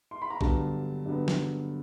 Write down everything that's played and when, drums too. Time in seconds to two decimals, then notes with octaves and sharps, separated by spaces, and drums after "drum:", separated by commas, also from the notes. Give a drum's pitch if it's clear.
0.11 C6
0.22 B5
0.30 A#5
0.41 G2 D3 F#3 B3 A5, drum: kick
1.06 G2 D3 F#3 B3
1.28 drum: snare